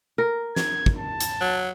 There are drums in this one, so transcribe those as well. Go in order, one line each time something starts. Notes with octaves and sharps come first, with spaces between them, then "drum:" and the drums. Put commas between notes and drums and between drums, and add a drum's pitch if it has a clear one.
A#4
G#6, drum: snare
drum: kick
A5
drum: hi-hat
F#3